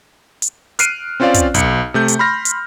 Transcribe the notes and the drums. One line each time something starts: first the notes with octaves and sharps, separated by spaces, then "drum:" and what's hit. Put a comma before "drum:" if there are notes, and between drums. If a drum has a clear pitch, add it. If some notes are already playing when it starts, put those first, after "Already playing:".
drum: hi-hat
F6 F#6 C7 D7 D#7, drum: hi-hat
C4 C#4 F4 C5 D5 F5
drum: kick, hi-hat
B1 C#7, drum: kick, hi-hat
C3 A3 G6
drum: hi-hat
B5 C6 F6 A#6
drum: hi-hat